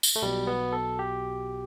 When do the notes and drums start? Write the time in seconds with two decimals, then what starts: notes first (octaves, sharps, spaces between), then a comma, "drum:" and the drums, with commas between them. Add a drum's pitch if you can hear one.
0.03 drum: tambourine
0.16 A3
0.22 B1 B2 G3
0.47 B3
0.72 A4
0.99 G4